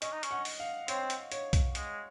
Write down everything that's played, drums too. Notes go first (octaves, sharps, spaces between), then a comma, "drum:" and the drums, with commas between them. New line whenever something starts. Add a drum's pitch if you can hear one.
C#4 D#5, drum: hi-hat
D#4
C#4, drum: hi-hat
F#5
drum: open hi-hat
F5
C4 C#5, drum: hi-hat
drum: hi-hat
C#5, drum: hi-hat
drum: kick B1, hi-hat
G#3, drum: hi-hat